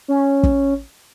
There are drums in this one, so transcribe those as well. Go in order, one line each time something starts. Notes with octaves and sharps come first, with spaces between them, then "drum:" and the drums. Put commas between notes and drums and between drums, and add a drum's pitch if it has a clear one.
C#4
drum: kick